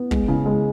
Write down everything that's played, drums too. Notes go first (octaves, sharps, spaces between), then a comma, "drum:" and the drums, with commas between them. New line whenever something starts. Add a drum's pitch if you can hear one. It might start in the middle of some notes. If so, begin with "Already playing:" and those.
Already playing: B3
G#3, drum: kick
C#3
G#3